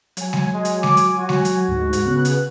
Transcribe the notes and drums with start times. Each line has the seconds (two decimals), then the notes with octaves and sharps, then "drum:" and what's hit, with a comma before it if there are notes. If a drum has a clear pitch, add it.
0.17 F#3 G#5, drum: hi-hat
0.33 drum: snare G#3
0.54 G#3
0.65 drum: hi-hat
0.83 D6, drum: snare G#3
0.97 drum: hi-hat
1.19 F#4
1.29 drum: snare G#3
1.45 drum: hi-hat
1.68 D2 G#2
1.93 drum: hi-hat
2.05 C#3 B3 F#6
2.25 drum: hi-hat